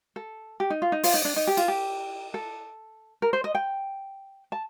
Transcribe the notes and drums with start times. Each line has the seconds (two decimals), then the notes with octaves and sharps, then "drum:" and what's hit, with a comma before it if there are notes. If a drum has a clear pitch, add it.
0.16 A4
0.60 G4
0.70 D#4
0.82 F4
0.92 D#4
1.03 F4, drum: open hi-hat
1.14 D#4
1.25 D4
1.36 D#4
1.47 G4
1.57 F4, drum: cymbal
1.68 G4
2.34 A4
3.22 A#4
3.33 C5
3.44 D#5
3.55 G5
4.52 A5